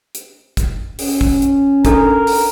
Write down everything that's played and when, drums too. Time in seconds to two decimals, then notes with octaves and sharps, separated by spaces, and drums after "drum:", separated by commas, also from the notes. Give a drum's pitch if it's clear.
0.15 drum: hi-hat
0.57 drum: kick, hi-hat
0.99 C#4, drum: open hi-hat
1.21 drum: kick
1.42 drum: hi-hat
1.85 D4 A4 A#4, drum: kick, hi-hat
2.27 drum: open hi-hat